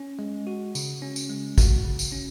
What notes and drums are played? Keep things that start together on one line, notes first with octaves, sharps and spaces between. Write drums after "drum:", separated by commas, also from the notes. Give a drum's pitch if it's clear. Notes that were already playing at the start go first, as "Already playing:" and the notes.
Already playing: C#4
G#3
F#4
C#3, drum: tambourine
C#4
drum: tambourine
G#3
F#4, drum: kick, tambourine
C#3
drum: tambourine
C#4